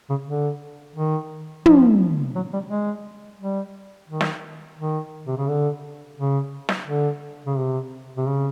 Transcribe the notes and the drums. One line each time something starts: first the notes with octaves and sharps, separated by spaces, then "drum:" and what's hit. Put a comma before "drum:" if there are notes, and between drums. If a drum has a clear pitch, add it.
C#3
D3
D#3
F3, drum: tom
F#3
G3
G#3
G3
D#3
drum: snare
D#3
C3
C#3
D3
C#3
drum: snare
D3
C#3
C3
C3
C#3